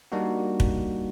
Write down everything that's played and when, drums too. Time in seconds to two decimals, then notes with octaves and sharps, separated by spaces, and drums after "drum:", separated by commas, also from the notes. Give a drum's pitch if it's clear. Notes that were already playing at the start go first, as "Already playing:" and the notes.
0.12 G3 A#3 D4 D#4 F#4
0.60 drum: kick